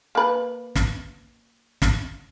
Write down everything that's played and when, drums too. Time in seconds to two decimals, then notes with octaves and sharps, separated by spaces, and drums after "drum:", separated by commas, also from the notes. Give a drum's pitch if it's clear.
0.15 A#3 B4
0.75 drum: snare
1.82 drum: snare